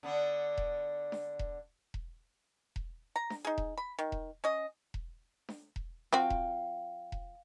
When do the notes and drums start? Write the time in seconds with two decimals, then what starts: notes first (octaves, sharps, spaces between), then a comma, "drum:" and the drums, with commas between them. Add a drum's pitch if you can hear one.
0.03 D3 B3 D4
0.58 drum: kick E1
1.12 drum: snare D4
1.39 drum: kick E1
1.94 drum: kick E1
2.76 drum: kick E1
3.16 A#5
3.30 drum: snare D4
3.45 D#4 G#4
3.58 drum: kick E1
3.78 B5
3.99 D#3
4.12 drum: kick E1
4.44 C#4 D#5
4.94 drum: kick E1
5.49 drum: snare D4
5.76 drum: kick E1
6.13 F3 C4 F#4 F5 G5
6.30 drum: kick E1
7.12 drum: kick E1